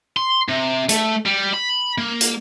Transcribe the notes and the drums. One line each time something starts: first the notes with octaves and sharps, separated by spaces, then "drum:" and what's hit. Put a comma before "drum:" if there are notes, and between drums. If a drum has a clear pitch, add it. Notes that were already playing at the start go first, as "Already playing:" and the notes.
C6
C3
A3, drum: hi-hat
G3
B5
A#3
drum: hi-hat